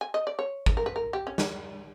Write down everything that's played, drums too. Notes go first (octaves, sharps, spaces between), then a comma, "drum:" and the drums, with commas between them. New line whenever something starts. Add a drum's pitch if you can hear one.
G#5
D#5
D5
C#5
drum: kick
A#4
B4
A#4
G4
C#4
drum: snare